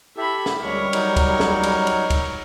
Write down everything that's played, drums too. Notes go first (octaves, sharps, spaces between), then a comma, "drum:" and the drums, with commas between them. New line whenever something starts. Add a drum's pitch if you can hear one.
E4 G4 A4 E5 B5
drum: snare
D2 G3 G#3 A#4 C#5
F#3 D#4, drum: cymbal
drum: kick C#2, cymbal
drum: snare
drum: cymbal
drum: cymbal
drum: kick C#2, cymbal